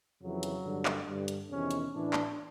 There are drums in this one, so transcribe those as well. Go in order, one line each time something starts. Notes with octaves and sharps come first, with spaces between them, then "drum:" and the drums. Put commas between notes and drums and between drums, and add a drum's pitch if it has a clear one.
F2 C#3 E3 F#3
drum: hi-hat
G2 D3
drum: clap
G2 D3
drum: hi-hat
E2 C3 D#3 C#4
drum: hi-hat
A2 E3 D4
drum: clap